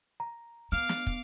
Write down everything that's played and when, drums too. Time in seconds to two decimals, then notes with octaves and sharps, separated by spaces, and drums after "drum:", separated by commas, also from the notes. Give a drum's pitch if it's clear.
0.20 A#5
0.72 B3 F5 D6 F6
0.89 drum: snare
1.07 drum: kick